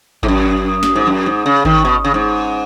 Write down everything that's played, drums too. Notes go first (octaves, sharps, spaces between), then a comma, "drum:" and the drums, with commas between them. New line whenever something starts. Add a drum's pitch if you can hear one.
G#2, drum: kick G#1
F#2
drum: snare
G#2
F#2
G#2
C#3
D#3, drum: kick G#1
B2
C#3
G#2